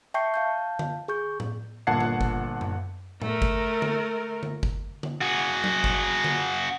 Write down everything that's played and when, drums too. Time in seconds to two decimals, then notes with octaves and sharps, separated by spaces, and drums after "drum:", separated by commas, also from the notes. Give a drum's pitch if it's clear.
0.14 E5 G5 A5 C#6 G6 C7
0.34 F5 A5 G6
0.79 drum: tom D3
1.08 G#4 C#6 G6
1.40 drum: tom A2
1.87 G1 A#2 F#5 A5 G#6 C7
2.00 drum: tom D3
2.21 drum: kick G1
2.61 drum: tom F#2
3.22 A3 A#4, drum: tom A2
3.42 drum: kick G1
3.82 drum: tom D3
4.43 drum: tom D3
4.63 drum: kick G1
5.03 drum: tom D3
5.21 F#4 G#4
5.64 drum: tom F#3
5.84 drum: kick G1
6.24 drum: tom D3